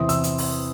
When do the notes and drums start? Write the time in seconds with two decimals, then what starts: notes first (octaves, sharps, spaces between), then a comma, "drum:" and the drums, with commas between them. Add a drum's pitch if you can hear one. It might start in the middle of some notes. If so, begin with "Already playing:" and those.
Already playing: E2 C3 E3 C6 D#6
0.09 E6, drum: hi-hat
0.24 drum: hi-hat
0.38 drum: open hi-hat